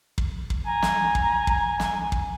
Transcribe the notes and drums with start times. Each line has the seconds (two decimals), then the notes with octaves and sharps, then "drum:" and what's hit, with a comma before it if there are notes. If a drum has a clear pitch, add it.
0.18 drum: kick
0.50 drum: kick
0.66 G#5 A#5
0.82 drum: snare
1.15 drum: kick
1.47 drum: kick
1.80 drum: snare
2.12 drum: kick